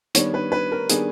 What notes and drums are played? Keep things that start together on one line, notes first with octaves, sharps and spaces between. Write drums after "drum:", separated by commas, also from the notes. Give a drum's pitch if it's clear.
D#3 G3 B3 D4 C#5, drum: hi-hat
B4
B4
A#4
D#3 G3 B3 D4 G#4, drum: hi-hat